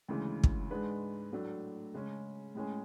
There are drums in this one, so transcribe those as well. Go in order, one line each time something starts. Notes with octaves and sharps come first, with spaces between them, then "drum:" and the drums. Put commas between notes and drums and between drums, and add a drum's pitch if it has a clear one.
D2 C#3 E3 G#3
drum: kick
G#2 G#3 D4 G#4 B4
A2 F#3 A3 D4
C#3 G#3 C#4
A2 G#3 C#4 G#4